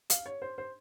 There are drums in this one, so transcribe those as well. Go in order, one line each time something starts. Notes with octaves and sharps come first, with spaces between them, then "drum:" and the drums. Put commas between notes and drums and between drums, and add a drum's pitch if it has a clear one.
F5, drum: hi-hat
C#5
C5
C5